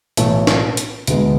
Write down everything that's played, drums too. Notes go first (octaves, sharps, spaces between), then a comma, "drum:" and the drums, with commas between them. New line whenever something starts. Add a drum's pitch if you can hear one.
B1 A2 E3 A3, drum: hi-hat
drum: snare
drum: hi-hat
D2 D3 G#3 B3, drum: hi-hat